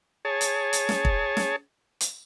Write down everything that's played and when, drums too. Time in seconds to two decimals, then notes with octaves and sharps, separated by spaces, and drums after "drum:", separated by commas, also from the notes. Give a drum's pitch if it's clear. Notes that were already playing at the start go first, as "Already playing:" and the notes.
0.25 G#4 C#5 A5
0.41 drum: hi-hat
0.73 drum: hi-hat
0.89 drum: snare
1.05 drum: kick
1.37 drum: snare
2.01 drum: hi-hat